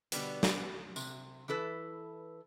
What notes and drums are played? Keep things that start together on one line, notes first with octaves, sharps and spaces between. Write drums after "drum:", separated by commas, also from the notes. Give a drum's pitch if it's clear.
B2 D3 G3 B3, drum: hi-hat
drum: snare
C3, drum: tambourine
E3 E4 A4 B4